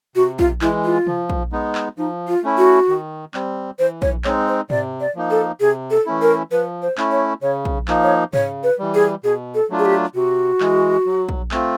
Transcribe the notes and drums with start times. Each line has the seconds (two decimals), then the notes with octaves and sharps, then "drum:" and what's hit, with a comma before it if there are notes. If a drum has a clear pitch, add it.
0.16 C3 F#4
0.39 F4, drum: kick A#1
0.61 E3 G#3 E4, drum: clap
0.85 F4
1.07 F3, drum: tom C3
1.30 drum: kick A#1
1.52 G#3 B3 D#4
1.75 drum: clap
1.98 F3 D#4
2.28 F4
2.43 A3 C#4 E4
2.58 F#4
2.89 D#3
3.34 G3 C4, drum: clap
3.79 E3 C5
4.02 C#5, drum: kick A#1
4.24 G#3 C4 D#4 C#5, drum: clap
4.48 C5
4.70 C3 D5, drum: tom G#2
5.01 D5
5.15 F3 A#3 D#4
5.31 A4
5.60 C3 G#4
5.91 A4
6.06 E3 A3 C#4 E4
6.22 A#4
6.51 F3 B4
6.82 C5
6.98 A3 C#4 E4, drum: clap
7.12 C#5
7.42 C#3 C#5
7.65 drum: kick A#1
7.88 F3 A#3 D#4, drum: clap
8.03 C#5
8.33 C#3 C#5, drum: tom G#2
8.64 B4
8.79 E3 G3
8.94 G#4
9.24 B2 G#4
9.55 A4
9.70 F#3 A3 D4 F4
9.79 G#4
9.85 G4
10.15 C3 F#4
10.60 E3 G#3, drum: clap
11.06 F#3
11.29 drum: kick A#1
11.51 A3 C4 F4, drum: clap